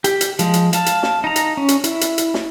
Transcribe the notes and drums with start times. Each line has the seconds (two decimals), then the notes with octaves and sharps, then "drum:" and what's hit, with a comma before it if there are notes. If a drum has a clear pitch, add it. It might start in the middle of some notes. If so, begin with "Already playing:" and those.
0.04 G4, drum: hi-hat
0.21 drum: hi-hat
0.39 F3 G#3, drum: hi-hat
0.54 drum: hi-hat
0.73 F5 A5, drum: hi-hat
0.86 drum: hi-hat
1.03 drum: snare
1.24 D#4 A#5
1.36 drum: hi-hat
1.57 C#4
1.68 drum: hi-hat
1.84 E4, drum: hi-hat
2.01 drum: hi-hat
2.18 drum: hi-hat
2.34 drum: snare